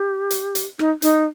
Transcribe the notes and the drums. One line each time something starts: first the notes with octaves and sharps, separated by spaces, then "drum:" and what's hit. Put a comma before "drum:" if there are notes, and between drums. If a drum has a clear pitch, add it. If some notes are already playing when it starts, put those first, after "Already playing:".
Already playing: G4
drum: hi-hat
drum: hi-hat
D#4, drum: rim click
D#4, drum: hi-hat